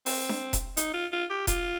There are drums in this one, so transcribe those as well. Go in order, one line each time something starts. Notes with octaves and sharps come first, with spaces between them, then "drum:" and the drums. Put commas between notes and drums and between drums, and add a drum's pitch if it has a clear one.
C4, drum: open hi-hat
drum: snare D4
drum: kick E1, hi-hat
D#4, drum: hi-hat
F4
F4
G4
F4, drum: kick E1, hi-hat